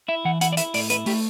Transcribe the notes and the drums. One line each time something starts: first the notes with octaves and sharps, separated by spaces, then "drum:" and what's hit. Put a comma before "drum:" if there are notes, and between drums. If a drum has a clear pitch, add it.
E4 E5
E3 F#5
E4 F#5, drum: hi-hat
D5
E4 E5, drum: hi-hat
A2 D5, drum: open hi-hat
E4 B4, drum: hi-hat
A3 G4, drum: open hi-hat